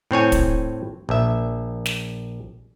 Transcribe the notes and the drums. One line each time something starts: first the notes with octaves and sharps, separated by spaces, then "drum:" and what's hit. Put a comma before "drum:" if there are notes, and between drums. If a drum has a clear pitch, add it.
A2 C4 C#5 G#5
drum: kick, hi-hat
A#1 E5
drum: snare